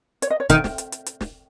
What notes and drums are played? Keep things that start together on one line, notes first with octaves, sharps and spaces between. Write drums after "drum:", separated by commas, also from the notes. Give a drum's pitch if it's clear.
C#5, drum: hi-hat
D#5
C#5
D#3 D#4, drum: kick, hi-hat
drum: snare
drum: hi-hat
drum: hi-hat
drum: hi-hat
drum: snare